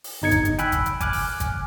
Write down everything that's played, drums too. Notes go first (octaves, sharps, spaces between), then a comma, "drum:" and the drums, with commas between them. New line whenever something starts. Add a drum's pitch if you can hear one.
drum: open hi-hat
G1 D#4 G#6 C#7
drum: kick, hi-hat
drum: hi-hat
G5 G#5 B5 E6 F#6, drum: hi-hat
drum: kick, hi-hat
drum: hi-hat
G#5 D6 F6 F#6, drum: kick, hi-hat
drum: open hi-hat
drum: kick, hi-hat